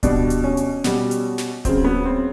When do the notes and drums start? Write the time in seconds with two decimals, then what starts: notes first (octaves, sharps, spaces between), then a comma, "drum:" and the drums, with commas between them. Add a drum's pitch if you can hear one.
0.03 B2 G3 D4, drum: kick D1, hi-hat
0.30 drum: hi-hat
0.44 C#4
0.57 drum: hi-hat
0.84 B2 G3, drum: snare
1.11 drum: hi-hat
1.38 drum: snare
1.65 C#3 F#3 C4, drum: kick D1, hi-hat
1.84 B3
2.05 C4